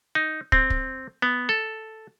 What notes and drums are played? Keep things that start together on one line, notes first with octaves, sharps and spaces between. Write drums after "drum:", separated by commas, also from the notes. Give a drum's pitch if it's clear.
D#4
C4, drum: kick
drum: kick
B3
A4